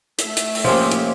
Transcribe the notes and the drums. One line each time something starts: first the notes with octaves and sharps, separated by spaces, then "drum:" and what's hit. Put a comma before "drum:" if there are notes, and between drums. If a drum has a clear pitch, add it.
A3 E5, drum: hi-hat
drum: hi-hat
drum: open hi-hat
F3 A#3 C#4 G4 C5
drum: hi-hat